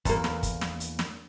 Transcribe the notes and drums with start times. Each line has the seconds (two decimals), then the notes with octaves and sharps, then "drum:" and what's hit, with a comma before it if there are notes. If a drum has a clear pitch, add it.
0.05 E2 A#3, drum: kick, hi-hat
0.24 drum: snare
0.43 drum: kick, hi-hat
0.61 drum: snare
0.80 drum: hi-hat
0.99 drum: snare